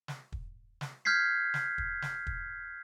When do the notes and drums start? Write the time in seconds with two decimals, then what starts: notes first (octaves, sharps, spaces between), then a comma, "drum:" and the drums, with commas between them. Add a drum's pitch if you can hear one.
0.08 drum: snare
0.32 drum: kick
0.81 drum: snare
1.05 F6 G6 G#6 B6 C7
1.54 drum: snare
1.78 drum: kick
2.02 drum: snare
2.27 drum: kick